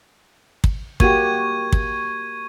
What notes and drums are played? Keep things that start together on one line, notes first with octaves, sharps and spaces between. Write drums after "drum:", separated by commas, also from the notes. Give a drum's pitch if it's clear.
drum: kick
A#3 F#4 G4 C#6 G#6 D#7, drum: kick
drum: kick